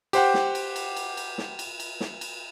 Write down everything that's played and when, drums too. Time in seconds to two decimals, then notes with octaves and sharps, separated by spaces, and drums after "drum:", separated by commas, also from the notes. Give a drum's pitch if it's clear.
0.13 G4 C5 F#5 G5, drum: cymbal
0.34 drum: snare
0.55 drum: cymbal
0.76 drum: cymbal
0.96 drum: cymbal
1.17 drum: cymbal
1.38 drum: snare
1.59 drum: cymbal
1.80 drum: cymbal
2.00 drum: snare
2.21 drum: cymbal